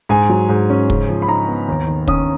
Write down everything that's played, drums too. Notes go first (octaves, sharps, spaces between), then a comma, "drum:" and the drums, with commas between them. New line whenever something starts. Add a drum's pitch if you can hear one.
G#2 G#5
F#3
G#2
C#4
C#3, drum: kick
F3
B5
D#4 A#5
B3
D#2
D#3
C#4 D#6, drum: kick